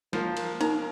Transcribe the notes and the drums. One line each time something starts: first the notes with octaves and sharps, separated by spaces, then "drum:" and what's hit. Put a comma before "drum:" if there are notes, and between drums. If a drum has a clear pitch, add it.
F3 A#3, drum: snare
drum: cymbal
D#4 A#4 A#5, drum: cymbal